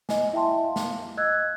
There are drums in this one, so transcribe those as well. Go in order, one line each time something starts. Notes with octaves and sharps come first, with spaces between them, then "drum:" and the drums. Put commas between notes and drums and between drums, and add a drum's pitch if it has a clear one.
D#5 G#5, drum: snare
E4 E5 G5 A5 C6
F5
drum: snare
D#5 E6 F#6 G#6